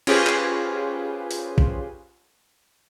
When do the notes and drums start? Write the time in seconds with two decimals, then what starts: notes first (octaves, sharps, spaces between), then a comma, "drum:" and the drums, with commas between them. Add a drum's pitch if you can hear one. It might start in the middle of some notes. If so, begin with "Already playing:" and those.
0.07 C#4 F4 G4 G#4 B4 C5, drum: cymbal
0.27 drum: clap
1.31 drum: open hi-hat
1.58 drum: kick A#1